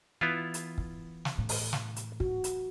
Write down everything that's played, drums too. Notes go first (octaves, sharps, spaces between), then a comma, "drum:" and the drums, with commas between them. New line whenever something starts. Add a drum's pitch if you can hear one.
E3 B3 E4 F4
drum: hi-hat
drum: kick
drum: snare
A2
drum: open hi-hat
drum: snare
drum: hi-hat
F#4, drum: kick
drum: hi-hat